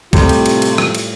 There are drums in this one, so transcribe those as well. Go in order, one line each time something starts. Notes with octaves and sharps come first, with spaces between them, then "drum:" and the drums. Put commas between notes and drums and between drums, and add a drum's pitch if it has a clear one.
A2 C3 G3 A3 F4 A4, drum: kick, cymbal
drum: cymbal
drum: cymbal
drum: cymbal
drum: rim click
drum: cymbal